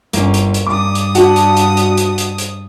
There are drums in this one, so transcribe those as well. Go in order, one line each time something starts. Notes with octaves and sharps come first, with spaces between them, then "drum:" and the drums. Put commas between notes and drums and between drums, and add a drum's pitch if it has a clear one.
G1 A#3 C#4, drum: hi-hat
drum: hi-hat
drum: hi-hat
G2 D6 D#6
drum: hi-hat
D4 F#4, drum: hi-hat
drum: hi-hat
drum: hi-hat
drum: hi-hat
drum: hi-hat
drum: hi-hat
drum: hi-hat